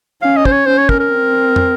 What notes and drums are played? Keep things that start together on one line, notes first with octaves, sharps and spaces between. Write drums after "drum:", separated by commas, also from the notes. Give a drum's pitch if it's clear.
C#4 F5
D#5
C5, drum: kick
C#5
C#4 C5
C#5
A#4, drum: kick
A#4
C4
drum: tom